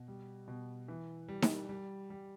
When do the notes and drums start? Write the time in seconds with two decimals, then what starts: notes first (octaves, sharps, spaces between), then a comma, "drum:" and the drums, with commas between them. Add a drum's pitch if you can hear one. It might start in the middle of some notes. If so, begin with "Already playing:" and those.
Already playing: B2
0.08 G3
0.48 B2
0.88 E3
1.28 G3
1.42 drum: snare D#4
1.69 G3
2.10 G3